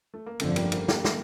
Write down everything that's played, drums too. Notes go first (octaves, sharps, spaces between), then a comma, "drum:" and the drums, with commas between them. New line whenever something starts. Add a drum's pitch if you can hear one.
A3
A#3
G1 F2 D3 F3 A3 C4, drum: cymbal
G3 A#3, drum: cymbal
G3 A#3, drum: cymbal
G3 A#3, drum: snare
drum: snare